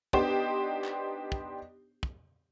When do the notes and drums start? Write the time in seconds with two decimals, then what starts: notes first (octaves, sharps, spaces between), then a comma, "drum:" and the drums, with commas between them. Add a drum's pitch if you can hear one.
0.13 B3 D4 D#4 G4 C5, drum: kick
0.84 drum: clap
1.32 drum: kick
2.03 drum: kick